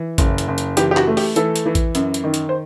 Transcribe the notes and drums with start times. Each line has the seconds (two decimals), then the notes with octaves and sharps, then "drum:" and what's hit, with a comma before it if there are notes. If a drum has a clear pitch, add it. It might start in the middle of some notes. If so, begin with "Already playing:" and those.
Already playing: E3
0.18 F#1, drum: kick A1, hi-hat
0.38 drum: hi-hat
0.48 F#1
0.58 drum: hi-hat
0.77 E3 G4, drum: hi-hat
0.91 G4
0.97 F#4, drum: clap
1.07 A3
1.17 G4, drum: open hi-hat
1.36 E3 A4, drum: hi-hat
1.56 drum: hi-hat
1.66 E3
1.75 drum: kick A1, hi-hat
1.95 F#2, drum: hi-hat
2.14 drum: hi-hat
2.24 D#3
2.34 drum: hi-hat
2.49 C5